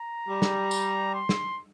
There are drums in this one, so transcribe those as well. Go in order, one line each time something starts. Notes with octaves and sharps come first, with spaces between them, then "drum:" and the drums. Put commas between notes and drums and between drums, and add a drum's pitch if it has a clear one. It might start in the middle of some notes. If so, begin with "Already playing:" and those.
Already playing: A#5
G3
drum: snare
drum: tambourine
C6
drum: snare